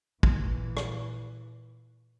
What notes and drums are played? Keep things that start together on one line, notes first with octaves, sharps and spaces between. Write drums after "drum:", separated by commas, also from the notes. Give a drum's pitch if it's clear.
A#2 E3, drum: kick
drum: rim click